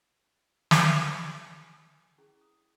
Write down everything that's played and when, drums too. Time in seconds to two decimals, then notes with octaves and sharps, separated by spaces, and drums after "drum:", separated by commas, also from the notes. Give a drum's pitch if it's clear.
0.71 drum: snare
1.61 G#5
2.18 C#4 E4 G#4 C#6
2.41 D#6